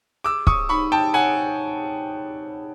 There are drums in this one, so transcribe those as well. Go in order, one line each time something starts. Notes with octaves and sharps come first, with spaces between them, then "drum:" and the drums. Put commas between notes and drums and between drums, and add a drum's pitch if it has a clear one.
G#4 D6 E6
C#6 D#6, drum: kick
D#4 B5 C#6
G5 A5
C#5 F#5 G#5